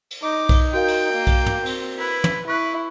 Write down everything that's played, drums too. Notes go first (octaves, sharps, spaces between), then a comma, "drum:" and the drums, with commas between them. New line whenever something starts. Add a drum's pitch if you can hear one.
drum: cymbal
D#4 D6
drum: kick B1, cymbal
F#4 A#4 F5 G5
drum: cymbal
A#3
drum: kick B1, cymbal
drum: tom
C4, drum: cymbal
E4 B4
drum: tom
E4 B4 C#6 F#6